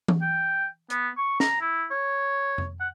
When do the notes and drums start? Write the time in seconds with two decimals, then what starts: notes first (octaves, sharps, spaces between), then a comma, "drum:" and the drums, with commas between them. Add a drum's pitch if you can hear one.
0.08 drum: tom E3
0.21 G5
0.90 B3, drum: hi-hat
1.17 C#6
1.40 A#5, drum: snare
1.61 E4
1.91 C#5
2.58 drum: tom F2
2.80 F#5